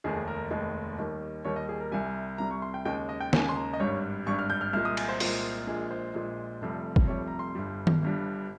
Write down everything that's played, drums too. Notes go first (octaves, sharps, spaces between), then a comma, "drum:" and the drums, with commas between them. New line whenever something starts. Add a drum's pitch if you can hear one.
F1 D#2 D#3 G#3 G#4
A#4
F1 D#2 D#3 G#3
D#2 D#3 G3
D#2 D#3 G3 C#5
D#5
G#4
A#4
C2 C3 G3 G#5
C2 C3 G3 A#5
C#6
C6
G5
D#2 C#3 G#3 G5
D#5
G5
D#2 C#3 G#3 G#5, drum: snare
C6
A#5
D#5
G#1 G2 G3 C#5
G#1 G2 G3 C#6
F6
G6
F6
C2 A#2 G#3 F6
D#6
G#5, drum: cymbal
C5
C2 A#2 G#3 C5, drum: open hi-hat
A#1 A#2 G#3 G#4
C5
A#1 A#2 G#3
F1 F2 C3 G3
drum: kick
F1 F2 C3 G3 C#5
A#5
C6
G1 G2 G3
drum: tom D#3
G1 G2 G3